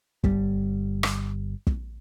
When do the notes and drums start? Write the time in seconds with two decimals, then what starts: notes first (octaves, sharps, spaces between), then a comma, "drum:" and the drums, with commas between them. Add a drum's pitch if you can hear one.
0.24 G1 G3, drum: kick
1.03 drum: rim click
1.67 drum: kick